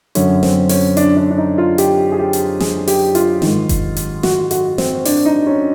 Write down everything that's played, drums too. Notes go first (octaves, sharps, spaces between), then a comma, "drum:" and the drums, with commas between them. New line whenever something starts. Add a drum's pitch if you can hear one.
F#2 D3 C#4, drum: hi-hat
C4, drum: snare
C#4, drum: open hi-hat
D4, drum: hi-hat
D4
D4
D#4
F4
G4, drum: hi-hat
G#4
G4
drum: hi-hat
G#4, drum: snare
G4, drum: open hi-hat
F4, drum: hi-hat
G#2 D#3, drum: snare
drum: kick F#1, hi-hat
drum: hi-hat
F#4, drum: snare
F#4, drum: hi-hat
C4, drum: snare
D4, drum: open hi-hat
D#4
C#4